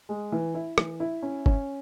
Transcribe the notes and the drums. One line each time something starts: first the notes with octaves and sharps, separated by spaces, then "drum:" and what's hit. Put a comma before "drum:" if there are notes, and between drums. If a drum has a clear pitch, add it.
G#3
E3
E4
E3, drum: rim click
E4
C#4
C#4, drum: kick F#1